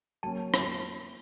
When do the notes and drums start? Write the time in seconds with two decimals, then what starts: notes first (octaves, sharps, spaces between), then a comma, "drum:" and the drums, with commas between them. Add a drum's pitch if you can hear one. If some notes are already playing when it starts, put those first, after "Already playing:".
0.23 F#3 A#3 C#4 A5
0.54 drum: rim click